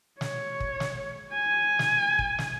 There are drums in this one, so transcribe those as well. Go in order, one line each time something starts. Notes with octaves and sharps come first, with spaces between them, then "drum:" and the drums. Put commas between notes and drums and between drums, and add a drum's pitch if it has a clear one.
C#5, drum: snare
drum: kick
drum: snare
G#5
drum: snare
drum: kick
drum: snare